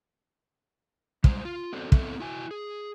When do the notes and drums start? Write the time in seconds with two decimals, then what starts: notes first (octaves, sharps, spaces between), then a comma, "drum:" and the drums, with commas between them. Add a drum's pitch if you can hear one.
1.24 G3 G#3 C5, drum: kick
1.45 F4
1.73 B3 C4 D4 F#4 A4 C5
1.92 A2 A3 B3 C4 A4 E5, drum: kick
2.20 E4 F#4 G#5
2.51 G#4